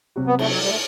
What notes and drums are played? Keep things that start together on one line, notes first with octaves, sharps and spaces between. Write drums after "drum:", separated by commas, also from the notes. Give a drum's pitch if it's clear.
C3 F#3 C4 F#4
B3
A3, drum: cymbal
F#3
G3
A3